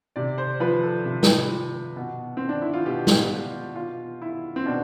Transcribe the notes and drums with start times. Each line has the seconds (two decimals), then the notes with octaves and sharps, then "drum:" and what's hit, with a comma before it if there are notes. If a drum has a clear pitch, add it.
0.16 C3 D5
0.38 C5
0.60 F3 B4
0.83 A4
1.05 C3
1.23 drum: snare
1.51 F3
1.96 B2
2.37 C4
2.49 D4
2.61 E4
2.73 F4
2.85 B2 G4
3.07 drum: snare
3.75 B2 F4
4.22 E4
4.56 C4
4.66 B2 D4